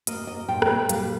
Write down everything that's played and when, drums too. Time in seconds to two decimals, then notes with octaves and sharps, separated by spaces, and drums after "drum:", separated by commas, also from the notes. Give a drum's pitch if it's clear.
0.07 A#3 D#5, drum: hi-hat
0.27 D#5
0.48 A#2 G5
0.62 drum: rim click
0.89 G3 F5, drum: hi-hat